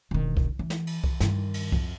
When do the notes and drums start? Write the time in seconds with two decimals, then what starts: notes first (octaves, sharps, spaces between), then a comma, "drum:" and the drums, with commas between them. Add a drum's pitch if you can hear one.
0.11 E1 D#3
0.37 drum: kick C2
0.59 E3
0.70 drum: snare
0.87 drum: cymbal
1.04 drum: kick C2
1.20 G2 D#3, drum: snare
1.54 drum: cymbal
1.72 F2, drum: kick C2